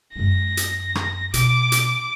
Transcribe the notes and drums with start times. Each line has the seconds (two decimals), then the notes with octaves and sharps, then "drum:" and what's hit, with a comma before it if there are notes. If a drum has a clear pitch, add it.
0.16 F#2 G#3 A#6
0.57 drum: hi-hat
0.95 drum: rim click
1.34 B2 D6, drum: hi-hat
1.72 drum: hi-hat